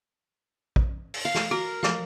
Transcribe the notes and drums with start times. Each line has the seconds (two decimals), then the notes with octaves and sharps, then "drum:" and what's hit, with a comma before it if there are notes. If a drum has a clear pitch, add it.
0.76 drum: kick
1.14 drum: open hi-hat
1.25 F5
1.35 drum: snare
1.51 F#4 A#4
1.83 F3 F5, drum: snare